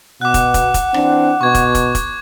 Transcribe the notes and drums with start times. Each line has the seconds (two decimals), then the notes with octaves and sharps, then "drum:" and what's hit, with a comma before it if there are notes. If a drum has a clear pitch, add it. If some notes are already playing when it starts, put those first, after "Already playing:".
0.21 B2 F#5 D6 F#6
0.34 drum: kick, hi-hat
0.54 drum: kick, hi-hat
0.74 drum: kick, hi-hat
0.94 E3 C4 D4, drum: rim click
1.41 B2 C#6 G#6
1.55 drum: kick, hi-hat
1.75 drum: kick, hi-hat
1.95 drum: kick, hi-hat